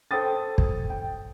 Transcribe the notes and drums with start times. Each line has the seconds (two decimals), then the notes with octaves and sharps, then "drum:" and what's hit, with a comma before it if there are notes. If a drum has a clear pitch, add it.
0.11 A4 C5 G5 D#6 A6
0.58 drum: kick
0.90 G5